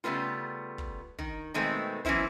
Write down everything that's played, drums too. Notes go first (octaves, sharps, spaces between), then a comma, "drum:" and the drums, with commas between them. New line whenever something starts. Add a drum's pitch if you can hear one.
C#3 G3 A3 B3 F4
drum: kick
D#3, drum: kick
B2 D#3 G#3 A3 B3 C4
E3 F#3 B3 C#4 E4 C5, drum: kick